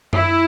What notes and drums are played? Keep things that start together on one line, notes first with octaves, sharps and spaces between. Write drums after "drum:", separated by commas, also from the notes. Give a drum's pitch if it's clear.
E4, drum: tom F#2